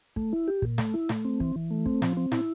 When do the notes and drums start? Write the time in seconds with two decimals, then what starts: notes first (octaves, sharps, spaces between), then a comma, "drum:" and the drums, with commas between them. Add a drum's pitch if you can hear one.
0.16 A3, drum: kick
0.33 E4
0.48 G4
0.62 A#2, drum: kick
0.78 A3, drum: snare
0.94 E4
1.09 A3, drum: snare
1.25 C4
1.40 E3, drum: kick
1.56 E3
1.71 A3
1.86 C4, drum: kick
2.02 F3, drum: snare
2.17 C4
2.32 E4, drum: snare